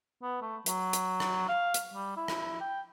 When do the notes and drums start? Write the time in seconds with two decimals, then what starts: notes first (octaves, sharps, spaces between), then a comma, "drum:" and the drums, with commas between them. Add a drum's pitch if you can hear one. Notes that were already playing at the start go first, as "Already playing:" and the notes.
0.23 B3
0.42 A3
0.66 F#3, drum: hi-hat
0.93 drum: hi-hat
1.20 drum: rim click
1.49 F5
1.74 drum: hi-hat
1.94 G3
2.17 E4
2.28 drum: rim click
2.61 G5